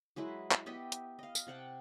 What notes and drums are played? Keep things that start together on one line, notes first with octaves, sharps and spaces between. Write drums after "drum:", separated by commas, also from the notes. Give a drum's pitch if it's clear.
F#3 G#3 E4 B4
drum: clap
B3 G4 D#5 E5
drum: hi-hat
D#5 F5
drum: tambourine
C3 F#5 G5 A5